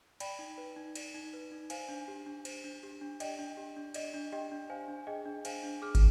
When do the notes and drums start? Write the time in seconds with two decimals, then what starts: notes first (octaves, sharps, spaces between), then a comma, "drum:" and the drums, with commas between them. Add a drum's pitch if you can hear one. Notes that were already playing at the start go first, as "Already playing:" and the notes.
0.20 D5 G5 B5, drum: cymbal
0.39 D#4
0.58 B4
0.76 D#4
0.96 D5, drum: cymbal
1.14 D#4
1.33 B4
1.52 D#4
1.70 C5 F5 G#5, drum: cymbal
1.89 D4
2.08 G4
2.27 D4
2.45 C5, drum: cymbal
2.64 D4
2.83 G4
3.01 D4
3.20 D5 D#5 G5, drum: cymbal
3.39 D4
3.57 G4
3.77 D4
3.94 D5 D#5, drum: cymbal
4.14 D4
4.32 G4 D#5 G5
4.52 D4
4.70 C5 F5 G#5
4.88 D4
5.07 G#4 D#5 G5
5.26 D4
5.45 C5 F5 G#5, drum: cymbal
5.63 D4
5.82 G#4 D6 F6
5.95 drum: kick, cymbal